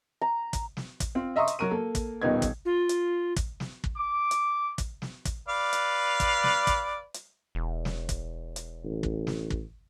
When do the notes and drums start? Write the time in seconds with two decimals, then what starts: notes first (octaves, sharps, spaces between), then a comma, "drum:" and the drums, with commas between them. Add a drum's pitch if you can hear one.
0.22 A#5
0.53 drum: kick, hi-hat
0.77 drum: snare
1.00 drum: kick, hi-hat
1.15 C4 F4
1.36 D#5 E5 A#5 C6 C#6 D#6
1.47 drum: hi-hat
1.59 F#3 F#4 A#4 C#6 D#7
1.71 A#3 A4
1.95 drum: kick, hi-hat
2.22 D#1 B2 D#3 B3 D#4 G#6
2.42 drum: kick, hi-hat
2.65 F4
2.89 drum: hi-hat
3.36 drum: kick, hi-hat
3.60 drum: snare
3.84 drum: kick
3.97 D6
4.31 drum: hi-hat
4.78 drum: kick, hi-hat
5.02 drum: snare
5.25 drum: kick, hi-hat
5.48 B4 D5 F5
5.73 drum: hi-hat
6.20 drum: kick, hi-hat
6.43 drum: snare
6.67 drum: kick, hi-hat
7.14 drum: hi-hat
7.55 E1
7.85 drum: snare
8.09 drum: kick, hi-hat
8.56 drum: hi-hat
8.84 A1
9.03 drum: kick
9.27 drum: snare
9.50 drum: kick